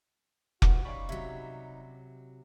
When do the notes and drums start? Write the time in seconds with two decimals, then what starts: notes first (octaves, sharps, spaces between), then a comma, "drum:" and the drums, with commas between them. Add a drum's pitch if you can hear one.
0.62 D#3 F3 B3 F#4 G4, drum: kick F1
0.85 C#4 D#4 D5 F5 B5 C#6
1.09 C3 F#3 E5 G#6 B6